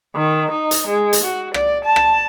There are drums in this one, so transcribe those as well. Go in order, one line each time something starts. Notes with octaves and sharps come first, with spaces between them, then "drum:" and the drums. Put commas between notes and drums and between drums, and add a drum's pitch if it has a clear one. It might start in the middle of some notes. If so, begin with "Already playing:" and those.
D#3
D#4
drum: hi-hat
G#3
drum: hi-hat
F#4
D5, drum: rim click
A5
drum: rim click